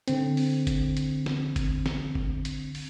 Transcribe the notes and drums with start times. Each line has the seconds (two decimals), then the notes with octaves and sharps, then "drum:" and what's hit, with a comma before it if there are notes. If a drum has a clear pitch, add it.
0.08 D3 C4, drum: hi-hat
0.37 drum: open hi-hat
0.67 drum: kick G1, hi-hat
0.97 drum: hi-hat
1.26 drum: snare
1.56 drum: kick G1, hi-hat
1.86 drum: snare
2.15 drum: kick G1
2.45 drum: hi-hat
2.75 drum: open hi-hat